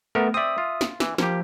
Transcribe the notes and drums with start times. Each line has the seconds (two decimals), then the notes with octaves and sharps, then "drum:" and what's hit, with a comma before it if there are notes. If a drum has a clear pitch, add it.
0.15 A3 B3 A#4
0.34 C4 D5 E5 D#6
0.58 F4
0.81 drum: snare
1.00 E3, drum: snare
1.18 F3 A#3 G4, drum: snare